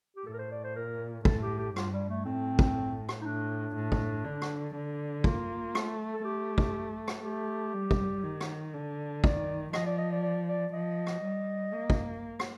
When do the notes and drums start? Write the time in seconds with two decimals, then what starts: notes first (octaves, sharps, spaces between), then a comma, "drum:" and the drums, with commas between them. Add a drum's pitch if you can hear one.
0.16 G4
0.25 A2 A4
0.33 A#4
0.38 C5
0.51 D5
0.64 C5
0.76 A#2 A#4
1.25 A2 A4, drum: kick
1.42 G4
1.58 G4
1.76 G2 F4, drum: rim click
1.93 G3
2.09 A3
2.25 A2 C4
2.59 drum: kick
3.09 drum: rim click
3.21 D#4
3.25 A2 D4
3.76 A2
3.92 drum: kick
4.25 D3
4.42 drum: rim click
4.75 D3
5.24 A#3 F4, drum: kick
5.75 A3, drum: rim click
6.13 A4
6.24 A3 G4
6.58 drum: kick
7.08 drum: rim click
7.24 A3 G4
7.74 G3
7.91 drum: kick
8.23 D#3
8.41 drum: rim click
8.74 D3
9.24 D#3 D5, drum: kick
9.73 F3 D#5, drum: rim click
9.86 D5
9.98 D#5
10.12 D5
10.23 D5
10.49 D5
10.73 F3 D#5
11.07 drum: rim click
11.23 G3
11.74 A#3
11.90 drum: kick
12.40 drum: rim click